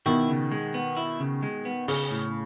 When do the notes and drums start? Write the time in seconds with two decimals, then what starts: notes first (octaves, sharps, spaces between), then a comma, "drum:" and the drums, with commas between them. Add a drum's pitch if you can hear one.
0.06 B2 D#3 E4, drum: hi-hat
0.29 C#3
0.52 G#3
0.74 B3
0.97 E4
1.20 C#3
1.43 G#3
1.65 B3
1.88 C#3 C#4, drum: open hi-hat
2.11 A2